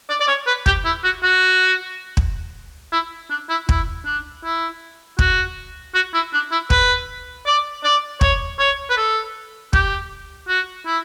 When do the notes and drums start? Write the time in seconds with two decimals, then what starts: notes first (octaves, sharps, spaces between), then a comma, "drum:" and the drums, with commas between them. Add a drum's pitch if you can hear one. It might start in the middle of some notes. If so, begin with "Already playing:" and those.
0.09 D5
0.20 D5
0.28 C#5
0.47 B4
0.66 G4, drum: kick
0.85 E4
1.04 F#4
1.23 F#4
2.17 drum: kick
2.92 E4
3.30 D4
3.49 E4
3.69 E4, drum: kick
4.05 D4
4.44 E4
5.19 F#4, drum: kick
5.94 F#4
6.14 E4
6.33 D4
6.52 E4
6.70 B4, drum: kick
7.46 D5
7.84 D5
8.21 C#5, drum: kick
8.59 C#5
8.90 B4
8.97 A4
9.73 G4, drum: kick
10.48 F#4
10.86 E4